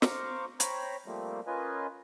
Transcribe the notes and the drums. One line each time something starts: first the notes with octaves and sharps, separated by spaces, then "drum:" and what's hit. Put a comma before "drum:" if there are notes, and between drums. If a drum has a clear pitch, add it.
C5 F5 A#5 C#6 D6, drum: snare
C5 C#5 G5 A#5 B5, drum: hi-hat
F3 G3 A3 A#3 C4
A#3 C#4 F4 B4 D#5 G#5